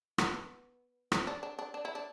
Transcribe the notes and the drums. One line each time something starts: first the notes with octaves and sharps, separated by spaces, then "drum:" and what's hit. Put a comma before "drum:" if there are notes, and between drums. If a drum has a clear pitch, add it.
B3, drum: rim click
C4, drum: rim click
D4
D4
D4
D4
E4
D4